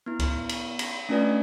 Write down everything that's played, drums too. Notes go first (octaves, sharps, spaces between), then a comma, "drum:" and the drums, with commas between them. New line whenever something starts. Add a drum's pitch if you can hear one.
B3 E4
drum: kick C#2, cymbal
drum: cymbal
drum: cymbal
A3 C#4 D4 F4 B4 D5